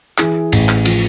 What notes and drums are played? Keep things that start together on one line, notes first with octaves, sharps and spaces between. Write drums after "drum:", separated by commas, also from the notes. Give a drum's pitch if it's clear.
E3 G#4, drum: clap
A1, drum: cymbal
drum: clap
F3, drum: cymbal